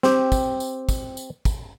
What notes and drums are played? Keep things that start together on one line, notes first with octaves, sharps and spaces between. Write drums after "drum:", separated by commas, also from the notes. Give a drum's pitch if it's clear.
C4 G4, drum: snare
drum: kick, tambourine
drum: tambourine
drum: kick, tambourine
drum: tambourine
drum: kick, tambourine